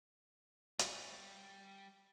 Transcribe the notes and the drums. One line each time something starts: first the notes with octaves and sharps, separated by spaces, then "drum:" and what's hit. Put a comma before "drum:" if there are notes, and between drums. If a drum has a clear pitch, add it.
G3 G#5, drum: hi-hat